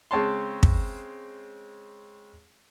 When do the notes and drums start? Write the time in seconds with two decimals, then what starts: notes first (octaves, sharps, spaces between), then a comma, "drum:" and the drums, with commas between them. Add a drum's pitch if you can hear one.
0.11 C#3 G#3 C4 C#5 A5 C6
0.63 drum: kick